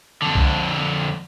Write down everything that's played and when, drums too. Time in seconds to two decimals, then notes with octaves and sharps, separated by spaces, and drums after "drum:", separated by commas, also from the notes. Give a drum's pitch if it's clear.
0.22 F2 D3
0.35 drum: kick B1